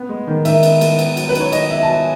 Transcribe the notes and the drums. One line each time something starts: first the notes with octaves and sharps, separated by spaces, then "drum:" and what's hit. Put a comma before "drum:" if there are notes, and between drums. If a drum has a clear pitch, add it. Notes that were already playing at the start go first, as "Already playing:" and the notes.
Already playing: B3
G#3
D#3
D#3 E5, drum: cymbal
B3, drum: cymbal
G#3, drum: cymbal
B3, drum: cymbal
F#3, drum: cymbal
B4
D#4, drum: cymbal
C#5
D#3 D#5, drum: cymbal
B3 E5
A5
F#3 G#5